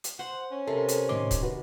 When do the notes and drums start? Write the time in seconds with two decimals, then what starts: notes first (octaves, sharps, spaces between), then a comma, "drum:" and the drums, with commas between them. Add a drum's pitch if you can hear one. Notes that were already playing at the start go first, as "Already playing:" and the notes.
0.04 drum: hi-hat
0.19 C5 F#5
0.51 C#4
0.67 C3 A4 A#4 F5
0.88 drum: hi-hat
1.09 A2 D#3 C6 D6
1.31 drum: kick, hi-hat
1.43 F#4 B4